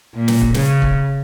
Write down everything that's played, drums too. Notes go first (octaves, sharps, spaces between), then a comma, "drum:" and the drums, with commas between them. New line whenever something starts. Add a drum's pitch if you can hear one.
A#2
drum: snare
drum: kick
C#3, drum: snare
drum: kick